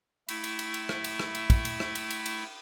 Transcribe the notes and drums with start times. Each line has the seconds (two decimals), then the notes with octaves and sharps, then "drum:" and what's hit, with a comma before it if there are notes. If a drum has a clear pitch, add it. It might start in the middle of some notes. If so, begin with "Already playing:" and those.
0.29 A3 E4, drum: cymbal
0.44 drum: cymbal
0.59 drum: cymbal
0.74 drum: cymbal
0.89 drum: rim click
1.04 drum: cymbal
1.20 drum: rim click
1.35 drum: cymbal
1.50 drum: kick, cymbal
1.65 drum: cymbal
1.80 drum: rim click
1.95 drum: cymbal
2.10 drum: cymbal
2.26 drum: cymbal